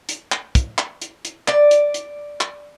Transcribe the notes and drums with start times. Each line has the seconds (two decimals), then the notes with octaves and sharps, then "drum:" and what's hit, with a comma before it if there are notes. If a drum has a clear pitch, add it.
0.09 drum: hi-hat
0.32 drum: clap
0.55 drum: kick, hi-hat
0.78 drum: clap
1.02 drum: hi-hat
1.25 drum: hi-hat
1.48 D5, drum: clap
1.71 drum: hi-hat
1.94 drum: hi-hat
2.41 drum: clap